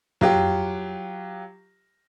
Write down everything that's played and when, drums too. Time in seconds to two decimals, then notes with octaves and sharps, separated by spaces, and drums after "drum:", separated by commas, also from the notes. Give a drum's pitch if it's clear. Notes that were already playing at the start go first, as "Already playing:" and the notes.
0.21 F#3 F4 G4, drum: tom